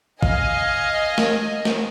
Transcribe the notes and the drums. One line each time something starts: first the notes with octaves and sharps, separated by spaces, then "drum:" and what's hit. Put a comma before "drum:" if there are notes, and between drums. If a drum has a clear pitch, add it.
D#5 F5 G#5, drum: kick
drum: snare
drum: snare